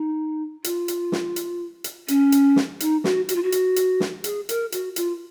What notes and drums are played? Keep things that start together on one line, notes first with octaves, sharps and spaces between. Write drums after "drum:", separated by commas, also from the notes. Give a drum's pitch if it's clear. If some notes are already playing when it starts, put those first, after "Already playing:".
Already playing: D#4
F4, drum: hi-hat
drum: hi-hat
drum: snare
drum: hi-hat
drum: hi-hat
C#4, drum: hi-hat
drum: hi-hat
drum: snare
D#4, drum: hi-hat
F#4, drum: snare
F#4, drum: hi-hat
F4
F#4
drum: hi-hat
drum: hi-hat
drum: snare
G#4, drum: hi-hat
A#4, drum: hi-hat
F#4, drum: hi-hat
F4, drum: hi-hat